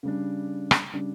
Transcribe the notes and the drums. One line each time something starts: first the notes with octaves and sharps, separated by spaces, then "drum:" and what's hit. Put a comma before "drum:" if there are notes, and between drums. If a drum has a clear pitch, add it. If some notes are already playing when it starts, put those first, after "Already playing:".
C#3 G3 D4
drum: rim click
C#3 G3 D4